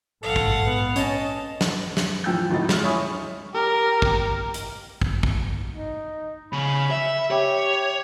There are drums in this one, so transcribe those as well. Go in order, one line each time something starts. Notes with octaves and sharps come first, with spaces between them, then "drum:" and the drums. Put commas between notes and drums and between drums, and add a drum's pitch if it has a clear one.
A#1 G#2 A4 F5 F#5
drum: kick
B3
C#4 D#5 A5, drum: hi-hat
drum: snare
drum: snare
E3 F3 G5 E6 G6
G#1 D2 A2 F3 D#4 A6
G#3 F6, drum: snare
C#5 E5 G#5 B5 C#6 D#6
G4 A#4
drum: kick
drum: hi-hat
drum: kick
drum: kick
D#4
C#3 B5
E5
G4 C#5